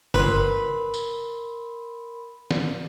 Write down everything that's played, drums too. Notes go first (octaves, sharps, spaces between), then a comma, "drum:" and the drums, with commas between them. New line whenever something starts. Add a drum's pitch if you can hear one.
G1 A#4 B4 B5 C6, drum: tom C#3
drum: tambourine
drum: snare